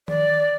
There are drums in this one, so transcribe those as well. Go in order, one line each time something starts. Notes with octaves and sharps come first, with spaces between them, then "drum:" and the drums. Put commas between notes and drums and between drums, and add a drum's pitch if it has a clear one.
D5, drum: tom D#3